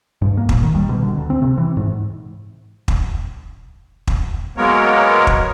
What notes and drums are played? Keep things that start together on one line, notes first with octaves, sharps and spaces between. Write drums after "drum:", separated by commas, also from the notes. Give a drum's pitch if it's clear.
G2
A#3
A#2, drum: kick
D#3
G3
B2
D3
D2
C4
C3
E3
G#2
drum: kick
drum: kick
F#3 G#3 A#3 B3 A#4 C#5
drum: kick